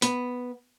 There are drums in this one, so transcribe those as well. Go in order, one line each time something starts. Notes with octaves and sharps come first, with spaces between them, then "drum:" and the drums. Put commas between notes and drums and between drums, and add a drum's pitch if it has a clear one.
B3, drum: hi-hat